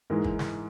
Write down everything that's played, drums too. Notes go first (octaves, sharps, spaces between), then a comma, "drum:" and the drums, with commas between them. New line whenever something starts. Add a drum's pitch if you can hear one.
G#2 E3 G#3 A#4
drum: kick
drum: snare